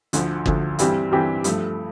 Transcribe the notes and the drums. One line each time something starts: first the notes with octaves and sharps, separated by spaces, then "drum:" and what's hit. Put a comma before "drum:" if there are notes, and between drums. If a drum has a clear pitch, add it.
D2 D3 F3, drum: hi-hat
D2 D3 F3, drum: kick
G2 E3 G3 C4 G4, drum: hi-hat
G2 E3 G3 C4 G4
G2 F3 A3, drum: hi-hat